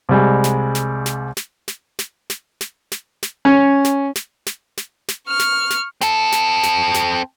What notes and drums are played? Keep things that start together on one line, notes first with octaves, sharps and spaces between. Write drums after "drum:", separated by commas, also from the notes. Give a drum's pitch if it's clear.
C2 G3 G#3
drum: snare
drum: snare
drum: snare
drum: snare
drum: snare
drum: snare
drum: snare
drum: snare
drum: snare
drum: snare
C#4
drum: snare
drum: snare
drum: snare
drum: snare
drum: snare
C#6 F6
drum: snare
drum: snare
C4 A4, drum: snare
drum: snare
drum: snare
drum: snare